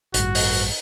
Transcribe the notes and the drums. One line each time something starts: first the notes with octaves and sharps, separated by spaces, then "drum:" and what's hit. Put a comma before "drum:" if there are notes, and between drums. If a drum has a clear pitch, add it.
A1 G2 F#4, drum: hi-hat
drum: open hi-hat